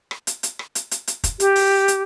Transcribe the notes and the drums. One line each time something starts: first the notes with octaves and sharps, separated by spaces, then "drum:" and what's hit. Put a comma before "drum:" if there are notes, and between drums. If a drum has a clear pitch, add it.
drum: rim click
drum: hi-hat
drum: hi-hat
drum: rim click
drum: hi-hat
drum: hi-hat
drum: hi-hat
drum: kick, hi-hat
G4, drum: hi-hat
drum: open hi-hat
drum: hi-hat